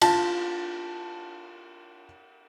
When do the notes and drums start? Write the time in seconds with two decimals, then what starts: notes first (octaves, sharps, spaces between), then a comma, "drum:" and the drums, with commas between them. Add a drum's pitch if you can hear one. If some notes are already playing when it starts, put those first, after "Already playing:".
0.02 F4 A5, drum: cymbal